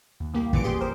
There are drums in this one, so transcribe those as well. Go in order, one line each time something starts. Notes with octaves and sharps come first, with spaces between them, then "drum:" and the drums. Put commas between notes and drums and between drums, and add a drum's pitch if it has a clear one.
D#2
C2 A#3 G4
A1 A#2 E3 D6 C#7 D7, drum: kick
E2 A#2 G4 G#4 C6
A#4 C5